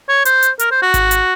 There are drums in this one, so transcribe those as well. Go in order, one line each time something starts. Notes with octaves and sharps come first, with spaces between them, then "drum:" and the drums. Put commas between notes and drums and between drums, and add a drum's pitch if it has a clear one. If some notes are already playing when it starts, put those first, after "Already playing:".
C#5
C5, drum: hi-hat
drum: hi-hat
A#4, drum: hi-hat
C5
F#4
drum: kick G#1, hi-hat
drum: hi-hat